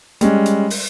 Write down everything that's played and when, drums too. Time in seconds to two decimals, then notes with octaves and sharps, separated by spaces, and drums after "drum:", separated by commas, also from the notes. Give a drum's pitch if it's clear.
0.21 G3 G#3 C#4, drum: hi-hat
0.46 drum: hi-hat
0.70 drum: open hi-hat